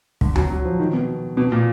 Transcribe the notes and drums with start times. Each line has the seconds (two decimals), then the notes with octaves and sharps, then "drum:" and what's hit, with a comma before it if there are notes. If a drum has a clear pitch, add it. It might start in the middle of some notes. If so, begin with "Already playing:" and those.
0.21 D3, drum: kick
0.36 F#3, drum: tom D2
0.50 F#3
0.65 F3
0.79 D#3
0.93 B2
1.37 B2
1.52 A#2